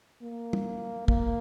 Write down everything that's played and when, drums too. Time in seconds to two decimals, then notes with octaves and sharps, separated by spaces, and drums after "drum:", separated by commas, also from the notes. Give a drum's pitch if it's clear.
0.23 A#3
0.53 drum: tom
1.08 A#3, drum: kick